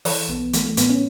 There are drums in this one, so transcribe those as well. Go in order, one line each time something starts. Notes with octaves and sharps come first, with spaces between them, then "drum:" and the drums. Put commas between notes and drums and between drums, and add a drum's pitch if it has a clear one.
E3 A4, drum: open hi-hat
B1 B3
E3 A3, drum: hi-hat
A3
A2 B3, drum: hi-hat
C#4